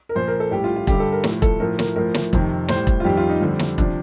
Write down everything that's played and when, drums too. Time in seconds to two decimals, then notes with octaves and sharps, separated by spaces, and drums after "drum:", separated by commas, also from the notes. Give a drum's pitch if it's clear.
0.09 A#4
0.15 A#2 F3 C5
0.28 A#4
0.40 A4
0.51 A2 G3 G4
0.64 F4
0.76 F4
0.87 G2 D3 G3 G4, drum: kick E1
1.00 A4
1.12 A#4
1.24 A2 F3, drum: snare
1.42 A4, drum: kick E1
1.60 A2 F3 A#4
1.79 A#4, drum: snare
1.96 A2 F3 A#4
2.14 drum: snare
2.33 F2 C3 D#3, drum: kick E1
2.68 A2 G3 C5, drum: snare
2.87 drum: kick E1
3.00 F4
3.04 F2 D#3 G3 G4
3.17 F4
3.29 D#4
3.41 F2 D3 G3
3.59 drum: snare
3.78 C3 F3 D4, drum: kick E1